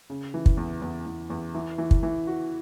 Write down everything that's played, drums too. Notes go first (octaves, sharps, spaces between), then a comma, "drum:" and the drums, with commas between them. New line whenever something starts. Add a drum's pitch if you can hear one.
C#3
E3
drum: kick
E2
E2
E2
E2
E3
E3
drum: kick
E3
F#4